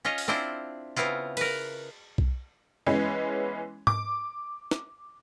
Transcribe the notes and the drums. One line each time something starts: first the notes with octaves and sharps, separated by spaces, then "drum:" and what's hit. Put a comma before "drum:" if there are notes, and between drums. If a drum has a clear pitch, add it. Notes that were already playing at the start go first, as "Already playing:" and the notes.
C#4 F4 C#5 D#5
drum: open hi-hat
C4 D4 E4 F4 C5
C#3 B3 C4 E4 F4, drum: tambourine
A#4 B4, drum: cymbal
drum: kick B1
E3 G#3 B3 C#4
D6, drum: tom G#2
drum: snare